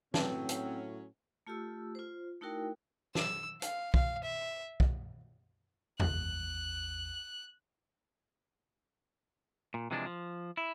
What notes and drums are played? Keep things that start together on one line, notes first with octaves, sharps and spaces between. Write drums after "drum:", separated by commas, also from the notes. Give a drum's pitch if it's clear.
A2 F#3 C4 C#4 B4 A5, drum: snare
drum: hi-hat
A3 F4 G4 A4 E6
F4 C5
A3 D#4 E4 F#4 A#4 G5
E6, drum: snare
F5, drum: hi-hat
F5, drum: kick
E5
drum: kick
A1 E2 F#6, drum: tom E2
A#2
C3 E3 F3 G#3 C#4 D4
F3
E4